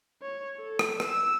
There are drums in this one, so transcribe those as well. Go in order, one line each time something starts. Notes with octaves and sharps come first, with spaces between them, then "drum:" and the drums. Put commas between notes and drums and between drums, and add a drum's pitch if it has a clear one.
C#5
A4
drum: rim click
E6, drum: rim click